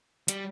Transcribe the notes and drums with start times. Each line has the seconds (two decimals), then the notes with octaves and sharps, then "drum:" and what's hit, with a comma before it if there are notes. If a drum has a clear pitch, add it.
0.28 G3, drum: hi-hat